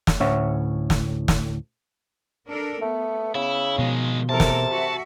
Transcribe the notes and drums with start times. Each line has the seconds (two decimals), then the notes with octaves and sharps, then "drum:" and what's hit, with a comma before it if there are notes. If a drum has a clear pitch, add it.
0.07 drum: snare
0.20 D2 A2 C#4 C#5 E5 F#5
0.90 drum: snare
1.28 drum: snare
2.50 D4 A4 A#4
2.82 A3 B3
3.35 C#3 E4
3.78 B2 D#3 F3 G#3
4.29 C3 E3 A4 A#4 A5
4.40 drum: snare
4.71 F#4 E5